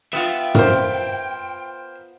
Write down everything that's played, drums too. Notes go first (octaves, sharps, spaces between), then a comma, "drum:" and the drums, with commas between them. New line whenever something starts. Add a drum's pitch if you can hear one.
B3 F4 E5 G5
A#4 C5, drum: tom